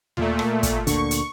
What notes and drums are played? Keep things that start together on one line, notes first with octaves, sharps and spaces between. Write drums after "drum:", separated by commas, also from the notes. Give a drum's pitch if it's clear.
A#2 A3, drum: tom D#2
drum: rim click
drum: kick, hi-hat
D2 A#2 D3 C#6, drum: hi-hat
drum: hi-hat